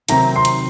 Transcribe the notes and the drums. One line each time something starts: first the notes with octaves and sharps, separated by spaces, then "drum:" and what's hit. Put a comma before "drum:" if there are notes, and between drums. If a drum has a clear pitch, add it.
C3 D#3 F#3 C4 A#5, drum: hi-hat
C6
drum: hi-hat